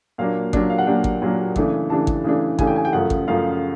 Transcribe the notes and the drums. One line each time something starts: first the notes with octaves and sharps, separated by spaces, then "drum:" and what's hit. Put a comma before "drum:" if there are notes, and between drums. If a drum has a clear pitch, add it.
A#2 F#3 A#3 D4 F5
A#2 F#3 A#3 D4, drum: kick G#1
F5
F#5
A#2 F#3 A#3 D4 G5
drum: kick G#1
A#2 F#3 A#3 D4
C#3 E3 A3 D4, drum: kick G#1
C#3 E3 A3 D4 A5
drum: kick G#1
C#3 E3 A3 D4
C#3 E3 A3 D4 G#5, drum: kick G#1
G5
G#5
G5
F#2 C#3 F3 A3 F#5
drum: kick G#1
F#2 C#3 F3 A3 F5